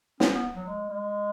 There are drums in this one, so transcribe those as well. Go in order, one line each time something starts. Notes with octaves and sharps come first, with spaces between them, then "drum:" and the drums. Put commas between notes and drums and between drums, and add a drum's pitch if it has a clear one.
C#4, drum: snare
B3
F#3
G#3
G#3